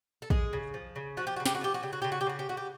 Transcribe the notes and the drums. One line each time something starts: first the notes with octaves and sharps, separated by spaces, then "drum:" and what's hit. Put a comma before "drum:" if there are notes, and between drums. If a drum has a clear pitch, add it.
A4
G#3 G#4, drum: kick
C#3
F3
C#3
F3 F#4
G4
C#3 F#4
G4, drum: snare
F#4
F3 G4
F#4
C#3 G4
F#4
C#3 G4
F#4
G4
C#3 F#4
G4
C#3 F#4
G4